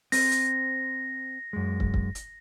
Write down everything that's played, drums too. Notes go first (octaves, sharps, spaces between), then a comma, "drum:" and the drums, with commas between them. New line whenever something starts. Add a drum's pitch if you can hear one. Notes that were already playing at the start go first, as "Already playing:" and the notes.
C4 C5 A#6, drum: open hi-hat
drum: hi-hat
F#2 G#3
drum: kick
drum: kick
drum: hi-hat